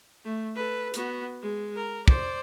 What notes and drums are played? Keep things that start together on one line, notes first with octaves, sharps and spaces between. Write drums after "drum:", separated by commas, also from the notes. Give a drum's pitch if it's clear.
A3
A4 B4
B3 F#4, drum: hi-hat
G#3
A#4
C5 D5, drum: kick